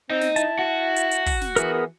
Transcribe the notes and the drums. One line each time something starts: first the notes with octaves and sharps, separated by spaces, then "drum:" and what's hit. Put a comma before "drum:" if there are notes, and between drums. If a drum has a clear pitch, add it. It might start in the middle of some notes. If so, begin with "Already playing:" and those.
C4 D#4
drum: snare
E4 A5, drum: hi-hat
F#4
drum: hi-hat
drum: hi-hat
drum: kick, open hi-hat
drum: snare
E3 B3 G#4 A#4, drum: hi-hat